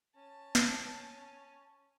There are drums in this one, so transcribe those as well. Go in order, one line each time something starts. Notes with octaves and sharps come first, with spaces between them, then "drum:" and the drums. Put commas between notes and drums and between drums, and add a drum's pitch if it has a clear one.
C#4 A5
drum: snare